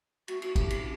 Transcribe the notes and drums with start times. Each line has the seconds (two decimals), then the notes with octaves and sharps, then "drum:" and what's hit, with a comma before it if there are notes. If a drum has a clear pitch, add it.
0.28 F#4, drum: cymbal
0.42 F#4, drum: cymbal
0.56 G4, drum: kick, cymbal
0.70 drum: cymbal